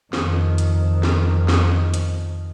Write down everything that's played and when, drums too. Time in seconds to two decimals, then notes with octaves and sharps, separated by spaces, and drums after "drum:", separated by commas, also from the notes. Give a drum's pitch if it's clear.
0.13 F2 D#3, drum: snare
0.58 drum: hi-hat
1.03 drum: snare
1.48 drum: snare
1.94 drum: hi-hat